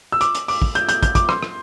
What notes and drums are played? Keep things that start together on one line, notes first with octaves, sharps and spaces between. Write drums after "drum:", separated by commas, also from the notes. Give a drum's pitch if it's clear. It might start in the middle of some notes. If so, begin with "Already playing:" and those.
E6
D6, drum: hi-hat
drum: hi-hat
D6, drum: open hi-hat
drum: kick
G6, drum: hi-hat
G6, drum: hi-hat
G6, drum: kick, hi-hat
D6, drum: kick, hi-hat
C6, drum: rim click
drum: rim click